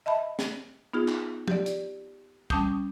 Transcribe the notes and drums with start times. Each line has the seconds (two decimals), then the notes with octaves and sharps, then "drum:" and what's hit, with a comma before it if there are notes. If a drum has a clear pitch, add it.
0.06 D#5 E5 A5 B5
0.39 drum: snare
0.93 B3 D#4 F4 G#4
1.08 drum: clap
1.48 G4 D5, drum: tom
1.66 drum: hi-hat
2.50 G3 C#4 A5 D6 D#6 G6, drum: kick